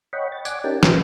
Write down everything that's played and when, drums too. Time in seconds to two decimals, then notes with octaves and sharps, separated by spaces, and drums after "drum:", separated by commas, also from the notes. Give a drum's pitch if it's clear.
0.13 C#5 D#5 F#5 G5 B5 C#6
0.32 A6
0.45 D5 F#5 G#5 D6, drum: tambourine
0.64 C#4 D#4 G4 A#4 G5 A5
0.83 B4, drum: snare